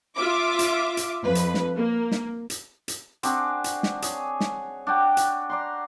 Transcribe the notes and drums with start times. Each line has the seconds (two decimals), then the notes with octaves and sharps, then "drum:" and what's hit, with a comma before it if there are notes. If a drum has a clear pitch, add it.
0.16 F4 E5 D6
0.59 drum: hi-hat
0.97 drum: hi-hat
1.23 F2 B4
1.35 drum: hi-hat
1.54 drum: snare
1.77 A#3
2.12 drum: snare
2.50 drum: hi-hat
2.88 drum: hi-hat
3.23 C4 D4 F#4 G#4, drum: hi-hat
3.64 drum: hi-hat
3.83 drum: snare
4.02 G#4 C#5, drum: hi-hat
4.40 drum: snare
4.87 D4 F#4 G5
5.17 drum: hi-hat
5.49 D5 A#5 C6